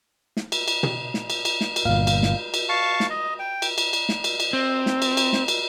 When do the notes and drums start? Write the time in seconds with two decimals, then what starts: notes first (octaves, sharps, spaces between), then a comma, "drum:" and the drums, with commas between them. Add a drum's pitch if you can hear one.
0.37 drum: snare
0.52 drum: cymbal
0.68 drum: cymbal
0.83 drum: tom
1.14 drum: snare
1.30 drum: cymbal
1.45 drum: cymbal
1.61 drum: snare
1.76 drum: cymbal
1.85 G1 A#2 F5
2.07 drum: cymbal
2.23 drum: snare
2.54 drum: cymbal
2.69 F5 A5 C#6
3.00 drum: snare
3.10 D#5
3.39 G5
3.62 drum: cymbal
3.78 drum: cymbal
3.93 drum: cymbal
4.09 drum: snare
4.24 drum: cymbal
4.40 drum: cymbal
4.53 C4
4.86 drum: snare
5.02 drum: cymbal
5.17 drum: cymbal
5.33 drum: snare
5.48 drum: cymbal